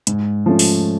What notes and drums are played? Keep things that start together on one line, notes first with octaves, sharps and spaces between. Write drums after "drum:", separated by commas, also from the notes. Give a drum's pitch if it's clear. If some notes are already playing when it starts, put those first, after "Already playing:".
G#2, drum: hi-hat
F3 A3 C#4
drum: open hi-hat